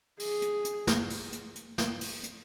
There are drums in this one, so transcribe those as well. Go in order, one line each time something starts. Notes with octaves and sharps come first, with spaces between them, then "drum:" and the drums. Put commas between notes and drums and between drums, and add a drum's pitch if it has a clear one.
G#4, drum: open hi-hat
drum: hi-hat
drum: hi-hat
drum: snare
drum: open hi-hat
drum: hi-hat
drum: hi-hat
drum: snare
drum: open hi-hat
drum: hi-hat